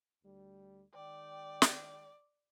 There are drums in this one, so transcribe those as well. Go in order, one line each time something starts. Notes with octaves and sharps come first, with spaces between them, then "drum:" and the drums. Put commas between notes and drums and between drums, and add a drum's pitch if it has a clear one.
D2 G3
D#3 G#3 D5 G5
drum: snare